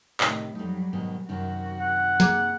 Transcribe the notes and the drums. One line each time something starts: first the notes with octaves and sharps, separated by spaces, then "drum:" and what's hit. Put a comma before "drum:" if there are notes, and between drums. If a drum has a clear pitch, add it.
A2 C3 D#3, drum: clap
F2 F#3 G3 D#4
G#2 B2 D#3
F#2 C3 D#3 F#4
F#5
A#3 G#4 D6, drum: snare